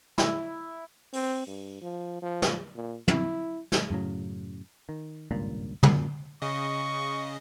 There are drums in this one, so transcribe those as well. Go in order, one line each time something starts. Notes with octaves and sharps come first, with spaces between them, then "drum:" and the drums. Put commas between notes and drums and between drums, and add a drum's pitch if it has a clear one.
E4, drum: snare
C4, drum: open hi-hat
G2
F3
F3
drum: snare
A#2
E4, drum: tom
drum: snare
F#2 A2 C#3 F#3
D#3
G#1 C#2 G2 A#2
F#2 A#2, drum: tom
C#3 D#5 C#6